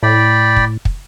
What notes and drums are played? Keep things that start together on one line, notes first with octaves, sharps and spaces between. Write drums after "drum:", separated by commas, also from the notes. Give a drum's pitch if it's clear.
A2 D5 G5 B5
drum: kick
drum: kick